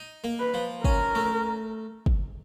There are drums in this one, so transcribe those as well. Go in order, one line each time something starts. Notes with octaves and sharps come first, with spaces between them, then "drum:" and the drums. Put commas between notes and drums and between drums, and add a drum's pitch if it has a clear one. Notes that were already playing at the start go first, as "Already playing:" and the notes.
Already playing: D#4
A#3
B4
F3
C#4 A#4, drum: kick
A3
drum: kick